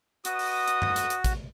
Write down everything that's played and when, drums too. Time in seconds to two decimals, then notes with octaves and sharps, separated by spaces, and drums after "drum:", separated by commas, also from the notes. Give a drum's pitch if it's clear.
0.25 F#4 B4 D#5 D#6, drum: hi-hat
0.39 drum: open hi-hat
0.68 drum: hi-hat
0.82 drum: tom G2
0.96 drum: hi-hat
1.10 drum: hi-hat
1.24 drum: kick A1, hi-hat